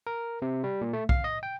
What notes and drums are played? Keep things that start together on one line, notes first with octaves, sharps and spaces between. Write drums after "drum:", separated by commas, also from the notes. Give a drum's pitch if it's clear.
A#4
C3
G3
A#2
A3
F5, drum: kick B1
D#5
G5